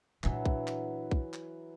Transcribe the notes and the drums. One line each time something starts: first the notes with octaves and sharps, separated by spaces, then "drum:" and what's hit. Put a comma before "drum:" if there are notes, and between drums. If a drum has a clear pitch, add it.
A#2 E3 F#3 D4, drum: clap
drum: kick B1
drum: clap
drum: kick B1
drum: clap